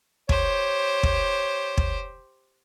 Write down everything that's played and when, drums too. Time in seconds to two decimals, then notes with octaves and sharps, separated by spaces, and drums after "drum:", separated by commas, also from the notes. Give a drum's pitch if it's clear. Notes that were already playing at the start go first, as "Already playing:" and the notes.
0.29 G4 C5 C#5, drum: kick
1.03 drum: kick
1.77 drum: kick